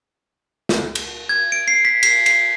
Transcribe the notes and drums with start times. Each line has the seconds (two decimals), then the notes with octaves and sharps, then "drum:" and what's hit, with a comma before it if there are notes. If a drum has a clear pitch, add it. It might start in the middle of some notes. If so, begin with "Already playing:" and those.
0.69 drum: snare
0.95 drum: cymbal
1.29 G#6
1.52 D7
1.68 C7
1.85 B6
2.03 C7, drum: cymbal
2.26 C7, drum: cymbal